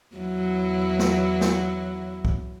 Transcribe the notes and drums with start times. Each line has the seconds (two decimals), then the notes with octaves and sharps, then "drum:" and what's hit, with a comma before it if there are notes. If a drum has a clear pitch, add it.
0.16 E2 F#3 E4
0.99 drum: snare
1.41 drum: snare
2.25 drum: kick C2